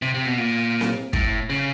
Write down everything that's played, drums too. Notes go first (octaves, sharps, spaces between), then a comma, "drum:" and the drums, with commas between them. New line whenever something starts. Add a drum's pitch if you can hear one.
C3
C3
B2
A#2
drum: snare C4
A2, drum: kick
C#3